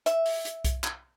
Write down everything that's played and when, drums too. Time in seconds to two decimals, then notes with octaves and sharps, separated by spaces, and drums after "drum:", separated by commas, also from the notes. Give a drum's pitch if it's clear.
0.06 E5, drum: hi-hat
0.26 drum: open hi-hat
0.45 drum: hi-hat
0.64 drum: kick B1, hi-hat
0.84 drum: clap